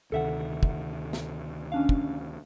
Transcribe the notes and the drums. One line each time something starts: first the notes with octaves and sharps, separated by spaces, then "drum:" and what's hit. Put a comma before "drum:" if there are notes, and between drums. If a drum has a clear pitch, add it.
D2 C3 D#3 A4 E5 F#5
drum: kick
drum: snare
C#4 D4 F5
drum: kick